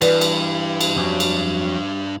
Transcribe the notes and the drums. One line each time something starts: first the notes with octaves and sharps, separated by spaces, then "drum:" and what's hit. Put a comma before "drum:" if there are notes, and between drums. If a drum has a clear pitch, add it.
G2 E3 B4 D5, drum: cymbal
drum: cymbal
drum: cymbal
F2 F#3 C#4
drum: cymbal